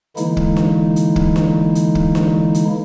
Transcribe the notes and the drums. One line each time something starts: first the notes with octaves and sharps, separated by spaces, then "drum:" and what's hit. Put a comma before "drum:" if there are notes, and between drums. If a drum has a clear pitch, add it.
D3 E3 G#3 A#3 D#4 E4, drum: hi-hat
drum: kick
drum: snare D4
drum: hi-hat
drum: kick
drum: snare D4
drum: hi-hat
drum: kick
drum: snare D4
drum: hi-hat